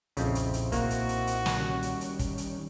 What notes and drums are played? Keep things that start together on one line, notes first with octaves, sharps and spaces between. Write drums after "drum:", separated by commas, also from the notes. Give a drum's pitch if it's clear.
B1 F2 A#2 C#3 C4 D#4 E4 G6, drum: hi-hat
drum: hi-hat
drum: hi-hat
A#3 F#4, drum: kick, hi-hat
drum: hi-hat
drum: hi-hat
drum: hi-hat
drum: snare
D#3 G3 C#4
drum: hi-hat
drum: hi-hat
drum: kick, hi-hat
drum: hi-hat